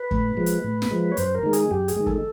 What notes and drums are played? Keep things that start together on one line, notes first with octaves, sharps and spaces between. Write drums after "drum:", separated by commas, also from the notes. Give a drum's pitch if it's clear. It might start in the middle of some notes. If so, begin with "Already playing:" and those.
Already playing: B4
A2, drum: kick
F3 G#3
drum: hi-hat
A2
drum: snare
F3 G#3
C#5
F#2 C5, drum: hi-hat
A#4
D#3 G#3
G#4, drum: hi-hat
F#2 G4
G#4, drum: hi-hat
D#3 G#3
A4, drum: kick